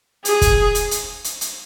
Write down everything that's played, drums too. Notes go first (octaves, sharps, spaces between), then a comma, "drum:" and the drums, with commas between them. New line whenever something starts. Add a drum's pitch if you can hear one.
G#4, drum: hi-hat
drum: kick, hi-hat
drum: hi-hat
drum: hi-hat
drum: hi-hat
drum: hi-hat